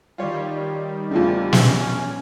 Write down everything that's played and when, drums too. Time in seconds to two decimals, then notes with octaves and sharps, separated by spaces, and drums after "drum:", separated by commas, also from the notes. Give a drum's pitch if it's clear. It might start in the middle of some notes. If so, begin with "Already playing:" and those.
0.18 D#3 G3 F4 C#5
1.11 E2 A2 C#3 D4 F4
1.53 C#4, drum: snare